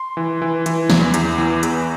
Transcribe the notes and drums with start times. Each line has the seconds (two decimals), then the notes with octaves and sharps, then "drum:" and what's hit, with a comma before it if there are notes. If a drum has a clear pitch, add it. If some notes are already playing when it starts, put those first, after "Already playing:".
Already playing: C6
0.17 E3
0.42 E3
0.66 E3, drum: hi-hat
0.90 E2, drum: snare
1.14 E2, drum: hi-hat
1.38 E3
1.63 E2, drum: hi-hat